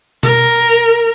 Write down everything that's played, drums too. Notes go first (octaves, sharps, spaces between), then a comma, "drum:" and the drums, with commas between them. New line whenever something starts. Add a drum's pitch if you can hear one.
A#4, drum: tom B2